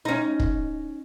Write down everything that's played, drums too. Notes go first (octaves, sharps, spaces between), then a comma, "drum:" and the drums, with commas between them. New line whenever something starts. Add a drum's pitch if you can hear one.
C#4 D#4
drum: kick